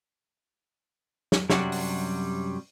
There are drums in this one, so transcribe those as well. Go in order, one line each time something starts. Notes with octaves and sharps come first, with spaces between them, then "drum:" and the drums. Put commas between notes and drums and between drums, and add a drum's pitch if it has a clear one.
drum: snare
F#2 C3 F#3 G3 D4 F#4, drum: snare
drum: open hi-hat